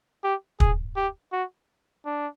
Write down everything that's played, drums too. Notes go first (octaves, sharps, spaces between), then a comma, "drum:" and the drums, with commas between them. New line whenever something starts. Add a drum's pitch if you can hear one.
G4
G#4, drum: kick
G4
F#4
D4